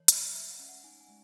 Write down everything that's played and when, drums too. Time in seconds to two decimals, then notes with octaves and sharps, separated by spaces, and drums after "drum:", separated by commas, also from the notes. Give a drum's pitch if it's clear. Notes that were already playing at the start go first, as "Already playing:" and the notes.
Already playing: E3 C#5
0.08 A3 D#5, drum: hi-hat
0.33 G#3 E5
0.51 F#5
0.60 C#4
0.68 F#5
0.84 D#4 G#5
1.01 G#5
1.09 G#3